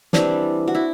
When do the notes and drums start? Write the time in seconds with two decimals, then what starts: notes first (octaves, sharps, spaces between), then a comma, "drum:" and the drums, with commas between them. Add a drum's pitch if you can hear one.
0.13 E3 G3 C4 D4, drum: snare
0.68 F#4
0.75 E4